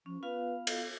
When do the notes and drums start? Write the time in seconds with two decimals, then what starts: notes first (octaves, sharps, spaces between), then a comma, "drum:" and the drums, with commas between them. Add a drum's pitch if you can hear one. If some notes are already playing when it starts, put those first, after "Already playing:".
0.06 F3 C#4
0.23 B3 F4 B4 F5
0.67 A4, drum: cymbal